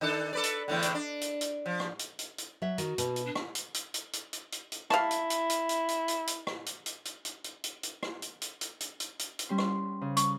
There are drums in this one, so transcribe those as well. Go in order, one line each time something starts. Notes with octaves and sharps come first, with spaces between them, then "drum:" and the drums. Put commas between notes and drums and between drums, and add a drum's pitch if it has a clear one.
D#3 D4 A4
A4 B4 D5
drum: hi-hat
E2 A2 D3
drum: hi-hat
D4
drum: hi-hat
drum: hi-hat
F3
drum: rim click
drum: hi-hat
drum: hi-hat
drum: hi-hat
F#3 E5
D#3 F#4, drum: hi-hat
B2, drum: hi-hat
drum: hi-hat
D4
drum: rim click
drum: hi-hat
drum: hi-hat
drum: hi-hat
drum: hi-hat
drum: hi-hat
drum: hi-hat
drum: hi-hat
E4 F5 A5, drum: rim click
drum: hi-hat
drum: hi-hat
drum: hi-hat
drum: hi-hat
drum: hi-hat
drum: hi-hat
drum: hi-hat
drum: rim click
drum: hi-hat
drum: hi-hat
drum: hi-hat
drum: hi-hat
drum: hi-hat
drum: hi-hat
drum: hi-hat
drum: rim click
drum: hi-hat
drum: hi-hat
drum: hi-hat
drum: hi-hat
drum: hi-hat
drum: hi-hat
drum: hi-hat
G3 C#4 C6
drum: rim click
C#3
C#6, drum: hi-hat